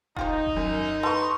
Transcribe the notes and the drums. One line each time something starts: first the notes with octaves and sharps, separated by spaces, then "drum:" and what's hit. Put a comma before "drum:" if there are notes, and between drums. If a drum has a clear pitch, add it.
D#4 F4 G4 C5, drum: kick E1
drum: kick E1
F#2
A4 B4 A5 C6 C#6